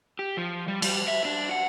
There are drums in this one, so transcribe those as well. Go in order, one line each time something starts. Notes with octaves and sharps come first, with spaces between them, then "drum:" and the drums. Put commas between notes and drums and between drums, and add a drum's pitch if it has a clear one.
G4
F3
G3
G3, drum: cymbal
E5
D4
F#5